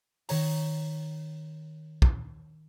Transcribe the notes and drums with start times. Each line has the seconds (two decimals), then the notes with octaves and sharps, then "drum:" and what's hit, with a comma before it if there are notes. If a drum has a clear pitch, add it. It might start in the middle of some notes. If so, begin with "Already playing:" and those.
0.29 D#3 C#5 A#5, drum: open hi-hat
2.02 drum: kick